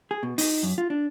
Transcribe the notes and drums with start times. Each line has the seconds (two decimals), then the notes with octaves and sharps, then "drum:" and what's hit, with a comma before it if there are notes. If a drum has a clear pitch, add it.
0.11 G#4
0.23 B2
0.38 D#4, drum: open hi-hat
0.63 F#2
0.78 F4
0.90 D4